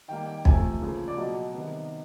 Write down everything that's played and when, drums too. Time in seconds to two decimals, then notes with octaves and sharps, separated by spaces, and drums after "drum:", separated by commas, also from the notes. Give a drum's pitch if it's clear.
0.08 D#3 G3 A#3 G5
0.27 G5
0.45 C3 F3 A3 G#5, drum: kick
0.81 C#3 F3 A#3
1.08 D5
1.17 B2 F#3 A#3 D#5
1.54 C3 D#3 G3 B3